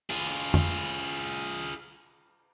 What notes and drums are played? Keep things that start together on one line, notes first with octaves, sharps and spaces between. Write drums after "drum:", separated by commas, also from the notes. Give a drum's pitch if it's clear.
F4 G#4, drum: cymbal
drum: tom